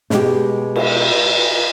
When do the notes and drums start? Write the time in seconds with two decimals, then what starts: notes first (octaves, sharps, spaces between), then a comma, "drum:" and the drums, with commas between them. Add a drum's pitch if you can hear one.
0.10 B2 G#3 G4, drum: snare
0.76 drum: cymbal